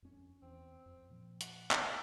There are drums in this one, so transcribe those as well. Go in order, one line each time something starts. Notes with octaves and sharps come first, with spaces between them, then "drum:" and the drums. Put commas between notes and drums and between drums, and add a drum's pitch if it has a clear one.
F2 C#4
E2 C4
F2
A#2 F3
F#5, drum: hi-hat
drum: clap